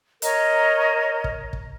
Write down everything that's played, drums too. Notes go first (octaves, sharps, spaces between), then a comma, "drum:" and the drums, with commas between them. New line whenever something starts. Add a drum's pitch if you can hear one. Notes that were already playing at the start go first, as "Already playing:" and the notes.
A#4 C#5 D#5 A#5, drum: hi-hat
drum: kick
drum: kick